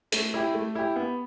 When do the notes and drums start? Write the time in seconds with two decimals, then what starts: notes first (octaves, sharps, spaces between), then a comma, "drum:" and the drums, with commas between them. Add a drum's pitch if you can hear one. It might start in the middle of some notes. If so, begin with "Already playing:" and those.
0.12 A3, drum: hi-hat
0.34 E4 G4
0.54 A3
0.75 E4 G4
0.96 B3